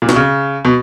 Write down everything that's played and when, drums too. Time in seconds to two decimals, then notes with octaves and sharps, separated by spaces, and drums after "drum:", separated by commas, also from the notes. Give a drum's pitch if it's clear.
0.02 A#2
0.09 B2, drum: snare
0.16 C#3
0.65 B2